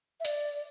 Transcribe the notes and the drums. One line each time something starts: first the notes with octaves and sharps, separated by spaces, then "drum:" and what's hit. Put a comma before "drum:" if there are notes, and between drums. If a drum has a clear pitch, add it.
E5
D5, drum: hi-hat